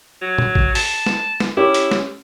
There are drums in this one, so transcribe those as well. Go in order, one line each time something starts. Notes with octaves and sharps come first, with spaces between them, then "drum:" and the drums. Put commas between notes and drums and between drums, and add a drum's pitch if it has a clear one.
F#3
drum: tom
drum: kick
A5, drum: open hi-hat
drum: snare
drum: snare
C#4 E4 G4
drum: hi-hat
drum: snare